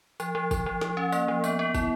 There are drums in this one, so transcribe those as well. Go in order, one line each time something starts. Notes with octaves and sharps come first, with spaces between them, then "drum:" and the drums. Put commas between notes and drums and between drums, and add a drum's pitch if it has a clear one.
F3, drum: tambourine
F3
F3, drum: kick, tambourine
F3
F3, drum: snare
C#4
A#3, drum: tambourine
F3
B3, drum: tambourine
B3
E4, drum: kick, tambourine